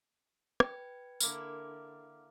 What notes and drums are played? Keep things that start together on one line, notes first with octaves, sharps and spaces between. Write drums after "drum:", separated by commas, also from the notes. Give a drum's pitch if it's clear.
B4 G5 G#6, drum: rim click
D3 A#3 E4 D6 F6, drum: tambourine